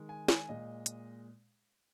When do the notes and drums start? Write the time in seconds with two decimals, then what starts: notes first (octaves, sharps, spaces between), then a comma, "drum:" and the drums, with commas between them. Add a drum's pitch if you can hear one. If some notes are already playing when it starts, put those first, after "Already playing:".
Already playing: D#3 G#3
0.09 G#5
0.28 G#5, drum: snare
0.49 A#2 G#3 D#5
0.86 drum: hi-hat